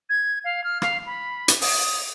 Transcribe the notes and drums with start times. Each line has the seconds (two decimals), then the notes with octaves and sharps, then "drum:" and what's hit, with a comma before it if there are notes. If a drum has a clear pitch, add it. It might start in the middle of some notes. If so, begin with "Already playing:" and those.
0.10 G#6
0.44 F5
0.64 F6
0.82 F5, drum: rim click
1.06 B5
1.48 drum: hi-hat
1.62 D#6, drum: open hi-hat